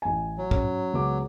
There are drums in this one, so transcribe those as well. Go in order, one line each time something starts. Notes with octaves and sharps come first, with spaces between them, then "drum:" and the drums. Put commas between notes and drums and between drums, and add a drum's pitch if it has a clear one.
A1 G#5
F#3
C#4, drum: kick
C#2 B3 D6